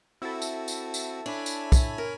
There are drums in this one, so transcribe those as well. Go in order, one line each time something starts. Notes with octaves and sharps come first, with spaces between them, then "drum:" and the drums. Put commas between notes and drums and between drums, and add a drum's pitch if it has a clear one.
C4 E4 F#4 A4
drum: tambourine
drum: tambourine
drum: tambourine
D4 C#5 G#5 B5
drum: tambourine
drum: kick, tambourine
A#4